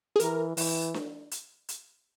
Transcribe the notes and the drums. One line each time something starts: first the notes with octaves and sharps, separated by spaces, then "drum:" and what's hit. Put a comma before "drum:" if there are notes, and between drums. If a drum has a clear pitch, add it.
G#4
E3 A#4, drum: hi-hat
E3, drum: open hi-hat
drum: snare D4
drum: hi-hat
drum: hi-hat